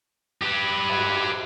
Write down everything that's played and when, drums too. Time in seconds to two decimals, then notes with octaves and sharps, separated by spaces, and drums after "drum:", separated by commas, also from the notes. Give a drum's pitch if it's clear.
0.43 G4 B4
0.89 drum: cymbal